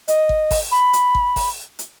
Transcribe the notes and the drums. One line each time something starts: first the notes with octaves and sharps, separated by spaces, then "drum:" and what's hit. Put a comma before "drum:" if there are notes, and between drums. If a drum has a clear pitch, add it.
D#5, drum: hi-hat
drum: kick
drum: kick, open hi-hat
B5
drum: hi-hat
drum: kick
drum: kick, open hi-hat
drum: hi-hat